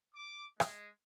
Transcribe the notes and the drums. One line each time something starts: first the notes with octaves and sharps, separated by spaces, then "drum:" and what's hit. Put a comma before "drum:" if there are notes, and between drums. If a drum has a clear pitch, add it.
D6
G#3, drum: rim click